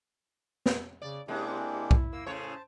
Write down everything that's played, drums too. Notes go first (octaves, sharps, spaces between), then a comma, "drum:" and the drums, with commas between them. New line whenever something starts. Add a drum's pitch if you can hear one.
drum: snare
C#3 D5
C3 G#3 A#3 D4 E4 G4
drum: kick B1
A#3 E6
A2 C#3 C5 C#5 A5